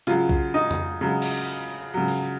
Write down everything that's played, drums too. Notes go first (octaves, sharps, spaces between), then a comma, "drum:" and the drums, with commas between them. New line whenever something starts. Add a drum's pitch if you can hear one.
C#3 F#3 F4, drum: hi-hat
drum: kick A#1
D#4
drum: tom F2
C#3 F#3
drum: cymbal
C#3 F#3
drum: open hi-hat